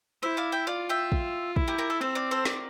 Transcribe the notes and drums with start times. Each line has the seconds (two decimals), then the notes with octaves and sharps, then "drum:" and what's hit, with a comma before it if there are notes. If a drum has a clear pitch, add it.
0.23 E4 C5 E5
0.37 D5 F5
0.52 E5 G5
0.67 F4 D5 F5
0.89 E5 G5
1.12 drum: kick
1.56 E4, drum: kick
1.68 G4 A#4
1.78 G4 A#4
1.90 A4
2.01 C4 A4 C5
2.15 D5 F5
2.31 A4 C5
2.45 A#4 D5, drum: snare